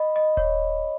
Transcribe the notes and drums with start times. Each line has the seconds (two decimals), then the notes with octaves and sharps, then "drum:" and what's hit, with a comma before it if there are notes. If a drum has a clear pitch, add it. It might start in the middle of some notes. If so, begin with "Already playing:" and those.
Already playing: D#5 B5
0.16 D#5
0.37 C#5, drum: kick D#1